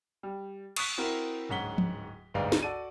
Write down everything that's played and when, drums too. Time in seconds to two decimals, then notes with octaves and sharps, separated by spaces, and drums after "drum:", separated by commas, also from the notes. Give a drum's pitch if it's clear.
0.23 G3
0.76 C#6 D#6 F#6 B6, drum: cymbal
0.98 C4 E4 F#4 A#4
1.49 D1 G#2 C#4 F#5 B6 G7
1.78 drum: tom
2.34 G1 D2 G#2 D5 F5
2.52 drum: snare
2.63 F#4 A4 D5 D#7